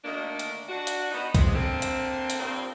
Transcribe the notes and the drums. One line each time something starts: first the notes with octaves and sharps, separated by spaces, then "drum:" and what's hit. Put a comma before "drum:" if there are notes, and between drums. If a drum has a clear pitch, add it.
D2 D#3 A3 A#3 D4
drum: hi-hat
D4 F#4
drum: hi-hat
D#3 B3 D#4
C3 G#3, drum: kick C2, hi-hat
D3 A#3 C4
drum: hi-hat
drum: hi-hat
G2 A#2 F3 C4